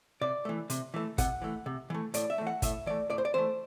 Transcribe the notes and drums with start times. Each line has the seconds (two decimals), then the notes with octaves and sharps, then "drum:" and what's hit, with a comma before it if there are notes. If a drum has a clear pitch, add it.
0.21 C3 D5
0.45 E3 A3
0.70 C3, drum: hi-hat
0.94 E3 A3
1.18 C3 F#5, drum: kick, hi-hat
1.42 E3 A3
1.66 C3
1.90 E3 A3
2.14 A2 D5, drum: hi-hat
2.30 E5
2.38 E3 A3
2.47 F#5
2.62 A2 E5, drum: kick, hi-hat
2.86 E3 A3 D5
3.10 A2 D5
3.18 C5
3.25 D5
3.34 E3 A3 C5